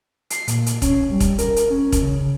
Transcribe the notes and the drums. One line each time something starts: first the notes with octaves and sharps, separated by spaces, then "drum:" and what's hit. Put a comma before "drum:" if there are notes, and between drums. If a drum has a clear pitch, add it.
C7, drum: hi-hat
A#2, drum: hi-hat
drum: hi-hat
C#4, drum: kick, hi-hat
G3
drum: kick, hi-hat
A#4, drum: hi-hat
drum: hi-hat
C#4
drum: kick, hi-hat
C#3